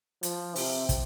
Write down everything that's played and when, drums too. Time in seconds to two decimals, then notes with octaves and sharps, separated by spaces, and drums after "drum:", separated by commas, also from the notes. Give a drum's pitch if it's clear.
0.23 F3, drum: hi-hat
0.56 C3, drum: open hi-hat
0.89 drum: kick, hi-hat